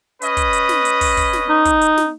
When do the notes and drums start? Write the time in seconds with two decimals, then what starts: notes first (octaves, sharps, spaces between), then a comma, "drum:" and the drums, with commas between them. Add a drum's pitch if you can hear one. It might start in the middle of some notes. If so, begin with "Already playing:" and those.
0.22 C#4 B4 D#5, drum: hi-hat
0.37 drum: kick, hi-hat
0.53 drum: hi-hat
0.69 drum: snare
0.85 drum: hi-hat
1.01 drum: kick, open hi-hat
1.17 drum: kick, hi-hat
1.33 drum: snare
1.49 D#4
1.65 drum: kick, hi-hat
1.81 drum: hi-hat
1.97 drum: snare